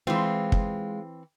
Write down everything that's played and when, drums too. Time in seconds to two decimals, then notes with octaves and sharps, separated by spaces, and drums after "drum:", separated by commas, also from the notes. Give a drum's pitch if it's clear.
0.07 E3 G#3 C4 F4
0.52 drum: kick